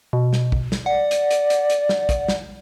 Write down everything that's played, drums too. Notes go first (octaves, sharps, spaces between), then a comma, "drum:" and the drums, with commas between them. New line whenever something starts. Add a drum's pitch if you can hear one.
B2
drum: snare
drum: kick
drum: snare
D5 F#5
drum: hi-hat
drum: hi-hat
drum: hi-hat
drum: hi-hat
drum: snare
drum: kick, hi-hat
drum: snare